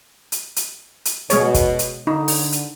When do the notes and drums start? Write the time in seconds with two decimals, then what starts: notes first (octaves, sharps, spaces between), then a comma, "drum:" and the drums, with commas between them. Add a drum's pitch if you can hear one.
0.32 drum: hi-hat
0.56 drum: hi-hat
1.05 drum: hi-hat
1.30 B2 G#3 G#4 C#5, drum: hi-hat
1.54 drum: kick, hi-hat
1.79 drum: hi-hat
2.07 D3 D#4
2.28 drum: open hi-hat
2.52 drum: hi-hat